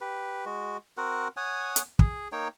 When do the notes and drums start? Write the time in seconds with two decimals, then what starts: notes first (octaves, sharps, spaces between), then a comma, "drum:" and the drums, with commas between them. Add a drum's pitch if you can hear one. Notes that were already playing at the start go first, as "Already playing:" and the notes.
0.01 G4 B4
0.45 G#3 F#4
0.97 C4 F#4 A#4 F#5
1.37 C#5 F#5 G#5 D#6
1.76 drum: hi-hat
1.99 G#4, drum: kick
2.32 A#3 D#4 C#5 G5